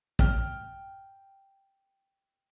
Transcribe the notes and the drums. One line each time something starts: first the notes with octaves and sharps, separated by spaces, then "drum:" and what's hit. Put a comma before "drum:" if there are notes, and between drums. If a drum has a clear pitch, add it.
G5 F6, drum: kick